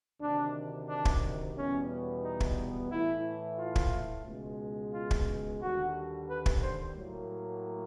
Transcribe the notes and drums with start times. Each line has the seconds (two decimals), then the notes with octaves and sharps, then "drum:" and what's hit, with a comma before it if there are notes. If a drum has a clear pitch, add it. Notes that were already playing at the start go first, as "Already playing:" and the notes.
0.21 D2 C3 D#3 D4
0.88 D4
1.05 drum: kick
1.55 E2 B2 G3 B3 C#4
2.24 D#4
2.40 drum: kick
2.91 A2 E3 A3 E4
3.59 F4
3.76 drum: kick
4.26 C#2 B2 G#3
4.93 F4
5.11 drum: kick
5.62 D#2 D3 G3 F#4
6.29 B4
6.46 drum: kick
6.63 C5
6.96 A2 F#3 A#3